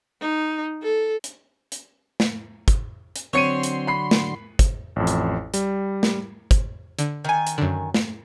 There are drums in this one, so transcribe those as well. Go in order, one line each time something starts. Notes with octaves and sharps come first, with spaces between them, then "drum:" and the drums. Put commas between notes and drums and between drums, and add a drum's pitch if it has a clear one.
D#4
A4
drum: hi-hat
drum: hi-hat
drum: snare
drum: kick, hi-hat
drum: hi-hat
D3 F#3 C4 C#5 C6 C#7 D#7
drum: hi-hat
B5 C7
drum: snare
drum: kick, hi-hat
A1 F2
drum: hi-hat
G3, drum: hi-hat
drum: snare
drum: kick, hi-hat
D3, drum: hi-hat
D#3 G#5
drum: hi-hat
F#2 D3
drum: snare